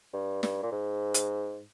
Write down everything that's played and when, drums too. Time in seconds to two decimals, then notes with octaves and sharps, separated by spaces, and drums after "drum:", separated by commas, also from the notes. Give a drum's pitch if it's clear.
0.13 G2
0.43 G2, drum: snare
0.63 A#2
0.72 G#2
1.14 drum: hi-hat